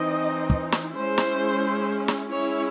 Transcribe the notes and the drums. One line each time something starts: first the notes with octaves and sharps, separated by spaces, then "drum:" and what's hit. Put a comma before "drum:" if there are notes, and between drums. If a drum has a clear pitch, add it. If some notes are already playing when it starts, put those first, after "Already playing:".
Already playing: E3 C4 D#4 D#5
drum: kick
drum: snare
G#3 C#4 E4 C5
drum: snare
drum: snare
G#3 C#4 E4 C#5